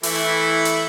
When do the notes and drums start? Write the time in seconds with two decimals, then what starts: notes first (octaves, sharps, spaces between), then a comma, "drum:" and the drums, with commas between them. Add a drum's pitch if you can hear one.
0.03 E3 A3 E4, drum: open hi-hat
0.65 drum: hi-hat